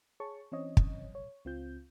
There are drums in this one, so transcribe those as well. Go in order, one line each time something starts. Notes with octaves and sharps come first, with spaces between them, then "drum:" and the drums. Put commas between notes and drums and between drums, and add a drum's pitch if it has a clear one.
G#4 C#5 A5 C#6
E3 C4 C#4 C#5 D#5
drum: kick
C#5
C#2 C4 F4 G6